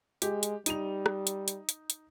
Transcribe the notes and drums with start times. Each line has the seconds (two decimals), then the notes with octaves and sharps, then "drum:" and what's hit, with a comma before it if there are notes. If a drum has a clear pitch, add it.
0.22 G#3 G4, drum: hi-hat
0.43 drum: hi-hat
0.66 G3 D#4 D#7 F7, drum: hi-hat
1.06 drum: rim click
1.27 drum: hi-hat
1.48 drum: hi-hat
1.69 drum: hi-hat
1.90 drum: hi-hat